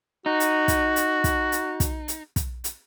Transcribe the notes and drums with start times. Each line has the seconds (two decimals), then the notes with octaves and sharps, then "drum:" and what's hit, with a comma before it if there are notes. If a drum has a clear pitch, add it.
0.26 D#4 F#4
0.40 drum: hi-hat
0.68 drum: kick, hi-hat
0.96 drum: hi-hat
1.24 drum: kick, hi-hat
1.52 drum: hi-hat
1.80 drum: kick, hi-hat
2.08 drum: hi-hat
2.36 drum: kick, hi-hat
2.64 drum: hi-hat